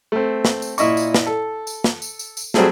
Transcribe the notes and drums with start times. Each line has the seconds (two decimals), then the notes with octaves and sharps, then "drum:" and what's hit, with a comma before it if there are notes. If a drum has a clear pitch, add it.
0.12 A3 C4
0.45 drum: snare
0.62 drum: tambourine
0.78 A#2 E4 D#5 C#6, drum: tambourine
0.97 drum: tambourine
1.14 drum: snare
1.26 A4
1.67 drum: tambourine
1.84 drum: snare
2.02 drum: tambourine
2.19 drum: tambourine
2.37 drum: tambourine
2.54 F#3 G3 A3 C4 G#4 A4, drum: snare